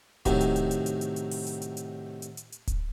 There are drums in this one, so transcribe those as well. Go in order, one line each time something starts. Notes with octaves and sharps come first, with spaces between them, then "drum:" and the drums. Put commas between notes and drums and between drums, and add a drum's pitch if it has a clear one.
A2 C3 D#3 F#3, drum: kick D1, hi-hat
drum: hi-hat
drum: hi-hat
drum: hi-hat
drum: hi-hat
drum: hi-hat
drum: hi-hat
drum: open hi-hat
drum: hi-hat
drum: hi-hat
drum: hi-hat
drum: hi-hat
drum: hi-hat
drum: hi-hat
drum: kick D1, hi-hat